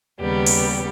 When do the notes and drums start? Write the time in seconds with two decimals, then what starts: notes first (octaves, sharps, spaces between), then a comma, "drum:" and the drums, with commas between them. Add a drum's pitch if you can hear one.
0.19 D#2 C#3 G3 B3 G4
0.46 drum: open hi-hat